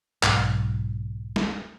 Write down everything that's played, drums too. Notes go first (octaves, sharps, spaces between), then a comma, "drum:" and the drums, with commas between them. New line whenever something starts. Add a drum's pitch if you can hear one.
B1 G#2, drum: clap
drum: snare